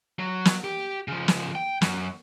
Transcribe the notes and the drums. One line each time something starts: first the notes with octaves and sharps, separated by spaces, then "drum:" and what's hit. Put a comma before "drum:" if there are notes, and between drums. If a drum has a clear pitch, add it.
F#3
drum: snare
G4
C#3 F3
drum: snare
G5
F#2, drum: snare